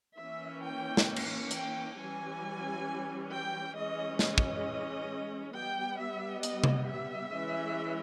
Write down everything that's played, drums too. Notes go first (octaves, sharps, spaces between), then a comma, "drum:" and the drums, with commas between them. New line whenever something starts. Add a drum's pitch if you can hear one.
E3 A#3 C#4 E5
G5
drum: snare
drum: cymbal
G5, drum: hi-hat
E3 G3 C#4 G#5
G5
E3 G#3 C#4 D#5
D#5, drum: snare
drum: kick
G3 B3 G5
E5
D#5, drum: hi-hat
drum: tom C3
E5
E3 G#3 C#4